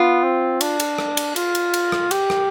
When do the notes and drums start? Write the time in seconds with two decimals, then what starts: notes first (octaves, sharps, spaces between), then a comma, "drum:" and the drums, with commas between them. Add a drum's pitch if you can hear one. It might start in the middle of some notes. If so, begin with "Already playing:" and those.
Already playing: B3 F4
0.23 C4
0.61 D4, drum: cymbal
0.80 drum: cymbal
0.98 drum: rim click
1.17 drum: cymbal
1.36 F4, drum: cymbal
1.55 drum: cymbal
1.74 drum: cymbal
1.92 drum: rim click
2.11 G4, drum: cymbal
2.30 drum: rim click